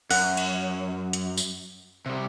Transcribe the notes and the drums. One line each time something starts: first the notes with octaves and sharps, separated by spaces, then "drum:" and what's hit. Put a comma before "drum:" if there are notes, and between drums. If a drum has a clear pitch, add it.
F#2 F#5, drum: open hi-hat
drum: cymbal
drum: hi-hat
drum: tambourine
C3 G3